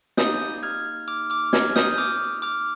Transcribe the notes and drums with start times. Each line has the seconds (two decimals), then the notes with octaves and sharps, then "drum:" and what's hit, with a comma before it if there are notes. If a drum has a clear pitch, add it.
0.17 A#3 D#4 G4 D#6 G6, drum: snare
0.63 F6 G#6
1.08 D6 F6
1.30 D6 F6
1.53 F6 G#6, drum: snare
1.76 D#6 G6, drum: snare
1.98 D6 F6
2.42 D6 F6